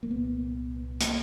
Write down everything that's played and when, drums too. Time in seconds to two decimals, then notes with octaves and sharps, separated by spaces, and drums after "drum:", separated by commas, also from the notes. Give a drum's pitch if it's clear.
0.03 A#3
0.10 C2 A#2 B3
1.00 A#3, drum: hi-hat